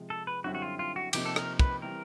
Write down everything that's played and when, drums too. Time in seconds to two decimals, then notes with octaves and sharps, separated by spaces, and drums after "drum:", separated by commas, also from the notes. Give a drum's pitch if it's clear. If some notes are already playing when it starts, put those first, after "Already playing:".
Already playing: C3 F3 G#3
0.10 A4
0.27 B4
0.44 F#2 D3 G3 C4 E4 F#4
0.55 F#4
0.62 F4
0.79 F4
0.96 F#4
1.13 C3 F3 A#3 D#4 G4, drum: cymbal
1.26 A4
1.36 A#4, drum: rim click
1.59 B4, drum: kick
1.82 E3 G3 C4 A#4